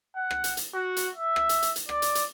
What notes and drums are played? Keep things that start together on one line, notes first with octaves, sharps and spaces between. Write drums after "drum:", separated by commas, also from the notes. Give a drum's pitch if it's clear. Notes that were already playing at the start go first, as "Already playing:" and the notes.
F#5
drum: rim click
drum: hi-hat
drum: hi-hat
F#4
drum: hi-hat
E5
drum: rim click
drum: hi-hat
drum: hi-hat
drum: hi-hat
D5, drum: rim click
drum: hi-hat
drum: hi-hat